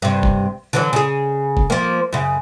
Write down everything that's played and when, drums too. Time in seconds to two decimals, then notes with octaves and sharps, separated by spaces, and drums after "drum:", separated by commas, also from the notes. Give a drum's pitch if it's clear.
0.02 G2 C3
0.23 drum: kick E1
0.73 D3 E3 F#3
0.93 C#3 G#4
1.57 drum: kick E1
1.70 F3 A#3
2.13 F#2 C#3